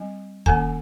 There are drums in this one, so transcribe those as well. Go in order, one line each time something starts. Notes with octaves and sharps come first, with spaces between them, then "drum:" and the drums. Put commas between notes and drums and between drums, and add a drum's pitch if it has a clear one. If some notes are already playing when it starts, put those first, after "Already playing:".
Already playing: G3 C4
D#3 A#3 C#4 G#5, drum: kick